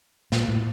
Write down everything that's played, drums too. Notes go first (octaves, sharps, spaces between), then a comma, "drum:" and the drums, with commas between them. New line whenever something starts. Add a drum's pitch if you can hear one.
A#2, drum: snare
A2